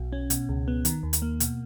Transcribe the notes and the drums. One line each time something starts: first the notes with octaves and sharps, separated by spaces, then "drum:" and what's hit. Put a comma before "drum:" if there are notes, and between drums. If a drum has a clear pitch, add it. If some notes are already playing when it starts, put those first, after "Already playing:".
Already playing: B1 B2
C#4
B2, drum: hi-hat
C#2
B3
D#3, drum: hi-hat
D#2
drum: hi-hat
A#3
B2, drum: hi-hat